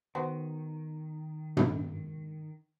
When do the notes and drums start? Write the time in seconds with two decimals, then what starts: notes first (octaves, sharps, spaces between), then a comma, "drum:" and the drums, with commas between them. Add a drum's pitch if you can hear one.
0.15 D#3 B3 F#4 C5
1.57 drum: tom